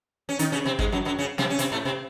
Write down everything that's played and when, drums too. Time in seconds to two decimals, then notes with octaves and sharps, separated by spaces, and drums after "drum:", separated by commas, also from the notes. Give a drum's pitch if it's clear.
0.29 C#4
0.39 D#3 D#4, drum: hi-hat
0.52 C#3 C#4
0.65 C3 C4
0.79 G#2 G#3, drum: kick
0.92 F#2 F#3
1.05 F#2 F#3
1.19 C#3 C#4
1.38 C3 C4, drum: snare
1.50 C#4
1.59 C3 C4, drum: hi-hat
1.72 A2 A3
1.85 C3 C4